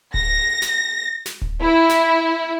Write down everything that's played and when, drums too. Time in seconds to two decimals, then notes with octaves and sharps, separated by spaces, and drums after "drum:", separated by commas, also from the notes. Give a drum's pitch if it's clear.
0.14 A#6, drum: kick D1
0.62 drum: snare
1.26 drum: snare
1.42 drum: kick D1
1.61 E4
1.89 drum: snare